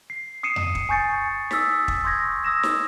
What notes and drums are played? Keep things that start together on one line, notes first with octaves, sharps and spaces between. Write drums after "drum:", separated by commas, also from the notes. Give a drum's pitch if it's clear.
C7
D#6 C7 C#7 D#7 E7
drum: tom F2
drum: kick
G#5 C#6 G6 A6 C#7
D#6 E6 A6 B6, drum: snare
drum: kick
C6 C#6 D#6 G6 G#6 A#6
D#6 E6 A#6 E7
drum: snare